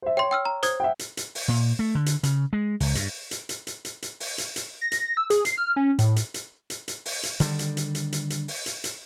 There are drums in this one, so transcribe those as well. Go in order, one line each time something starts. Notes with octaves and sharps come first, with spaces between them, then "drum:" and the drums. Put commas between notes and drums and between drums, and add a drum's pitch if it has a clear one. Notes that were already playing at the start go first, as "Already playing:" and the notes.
C5 E5
C#5 G5 C6
G5 E6 F6
A#5
C5 D#6 G#6, drum: hi-hat
E5 F#5 G5
drum: hi-hat
drum: hi-hat
drum: open hi-hat
A#2
A3
D3
drum: hi-hat
C#3, drum: hi-hat
G#3
C#2, drum: open hi-hat
G2, drum: hi-hat
drum: hi-hat
drum: hi-hat
drum: hi-hat
drum: hi-hat
drum: hi-hat
drum: open hi-hat
drum: hi-hat
drum: hi-hat
A#6
drum: hi-hat
E6
G#4, drum: hi-hat
C7, drum: hi-hat
F6
C#4
A2, drum: hi-hat
drum: hi-hat
drum: hi-hat
drum: hi-hat
drum: hi-hat
drum: open hi-hat
drum: hi-hat
D3 D#3 G3, drum: hi-hat
drum: hi-hat
drum: hi-hat
drum: hi-hat
drum: hi-hat
drum: hi-hat
drum: open hi-hat
drum: hi-hat
drum: hi-hat